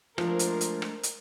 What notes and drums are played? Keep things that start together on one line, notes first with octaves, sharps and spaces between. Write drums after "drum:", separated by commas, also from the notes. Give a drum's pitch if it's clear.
F3 G#3 A3 D4 A#4 C5, drum: rim click
drum: hi-hat
drum: hi-hat
drum: rim click
drum: hi-hat